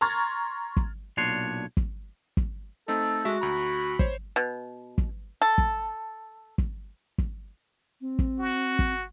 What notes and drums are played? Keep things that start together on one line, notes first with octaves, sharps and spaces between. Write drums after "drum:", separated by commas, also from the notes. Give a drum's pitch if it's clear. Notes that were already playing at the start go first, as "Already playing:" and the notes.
A#5 C6 C#6 F6 G#6 A6
drum: kick
B1 A#2 D4 C#5 C6
drum: kick
drum: kick
A3 C4 D#4 A4
G#3 F#4 E5
D2 A#5 B5
C5 C#5, drum: kick
B2
drum: kick
A4
drum: kick
drum: kick
drum: kick
C4
drum: kick
F#4
drum: kick